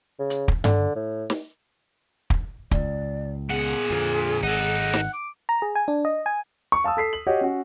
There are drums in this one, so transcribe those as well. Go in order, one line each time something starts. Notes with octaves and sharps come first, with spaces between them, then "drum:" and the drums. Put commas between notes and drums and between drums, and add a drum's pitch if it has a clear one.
C#3
drum: hi-hat
drum: kick
D3, drum: tom G2
A2
drum: snare
drum: kick
C#2 D5, drum: kick
A#2 B3 G#4 F#5
F2 D3 F4
G#1 D#4 A4 F#5
drum: snare
D6
A#5
G#4
G#5
D4
D#5
G#5
C#6
F5 A5 D#6 E6
A4 B6 C7
F#7
F#4 G4 C#5 D#5 F#5 G5
C#4 F#4